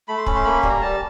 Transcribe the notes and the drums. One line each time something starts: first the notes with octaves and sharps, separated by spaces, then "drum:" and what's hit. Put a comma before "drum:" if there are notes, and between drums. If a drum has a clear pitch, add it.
A3 B5
C6
C#4 B5, drum: kick
C6
A#3 B5
G3, drum: kick
A#5
G3 A5